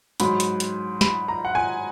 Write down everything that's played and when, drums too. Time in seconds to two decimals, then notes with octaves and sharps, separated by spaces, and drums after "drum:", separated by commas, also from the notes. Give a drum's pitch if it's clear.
0.20 G#2 F#3 B5, drum: hi-hat
0.40 drum: hi-hat
0.60 drum: hi-hat
1.01 B5, drum: snare
1.28 A#5
1.45 F#5
1.55 G#5